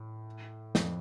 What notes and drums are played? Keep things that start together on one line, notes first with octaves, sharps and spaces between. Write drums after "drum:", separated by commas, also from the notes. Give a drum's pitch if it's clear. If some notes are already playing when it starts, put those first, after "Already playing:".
Already playing: A2
F2, drum: snare